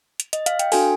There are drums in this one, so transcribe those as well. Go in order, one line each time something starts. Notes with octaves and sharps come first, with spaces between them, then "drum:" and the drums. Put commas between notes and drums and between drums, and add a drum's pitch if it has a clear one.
drum: hi-hat
D#5, drum: hi-hat
F5, drum: hi-hat
G5, drum: hi-hat
D4 F#4 A4 G#5, drum: open hi-hat